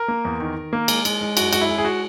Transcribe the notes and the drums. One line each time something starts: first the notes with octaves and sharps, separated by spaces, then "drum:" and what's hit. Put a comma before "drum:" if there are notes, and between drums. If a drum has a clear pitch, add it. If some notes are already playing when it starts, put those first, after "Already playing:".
Already playing: A#4
A#3
E2
D#3
D#3
A#3
G#3, drum: cymbal
G#3, drum: cymbal
G#3
F#2 F#4, drum: cymbal
G#3 F#4, drum: cymbal
E4
G#3
G#4
F#4